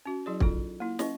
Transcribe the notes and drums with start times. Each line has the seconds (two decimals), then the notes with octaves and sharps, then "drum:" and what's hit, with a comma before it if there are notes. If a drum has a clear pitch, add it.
0.06 C#4 F#4
0.26 F#3 E4 G#4 D5
0.40 D#4 F4 A4, drum: kick
0.80 A#3 E4
0.99 C#4 D#5 C#6, drum: snare